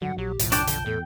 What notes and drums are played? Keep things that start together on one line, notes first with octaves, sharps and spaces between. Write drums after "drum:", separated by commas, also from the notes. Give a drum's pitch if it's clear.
G2 D3 F#3 F#5
A#1 F#3 G4
F#1 B1 A2 F3, drum: hi-hat
D4 D5 G5 A5, drum: hi-hat
D3 G5, drum: hi-hat
E2 A2 A4